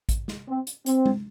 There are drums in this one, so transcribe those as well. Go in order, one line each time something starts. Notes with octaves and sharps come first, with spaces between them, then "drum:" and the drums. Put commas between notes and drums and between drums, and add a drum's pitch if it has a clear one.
drum: kick A1, hi-hat
drum: snare
C4
drum: hi-hat
C4, drum: hi-hat
drum: tom G#3